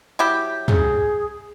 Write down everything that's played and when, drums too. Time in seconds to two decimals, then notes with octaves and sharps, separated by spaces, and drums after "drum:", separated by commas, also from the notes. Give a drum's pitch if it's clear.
0.19 F#3 E4 G4
0.68 G#4, drum: tom